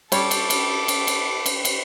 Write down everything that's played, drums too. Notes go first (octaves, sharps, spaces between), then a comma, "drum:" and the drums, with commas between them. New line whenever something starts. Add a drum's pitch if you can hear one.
G3 A4 C#5 D6, drum: cymbal
drum: cymbal
drum: cymbal
drum: cymbal
drum: cymbal
drum: cymbal
drum: cymbal